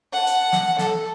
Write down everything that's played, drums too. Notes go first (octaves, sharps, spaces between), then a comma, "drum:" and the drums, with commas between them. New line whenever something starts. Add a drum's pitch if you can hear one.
F#5 A5
drum: hi-hat
drum: snare
A4, drum: snare